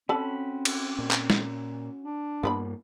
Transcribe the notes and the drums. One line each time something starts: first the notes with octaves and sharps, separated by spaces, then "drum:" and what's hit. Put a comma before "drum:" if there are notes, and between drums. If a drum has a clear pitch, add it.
C4 C#4 F#4 A4 A5 B5
drum: cymbal
A#2
drum: clap
drum: snare
D4
G2 A#3 B3 B4 B5